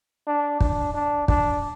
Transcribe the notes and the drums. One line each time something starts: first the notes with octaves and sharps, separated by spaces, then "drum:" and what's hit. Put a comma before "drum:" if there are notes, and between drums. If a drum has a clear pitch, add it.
D4
D4, drum: kick
D4
D4, drum: kick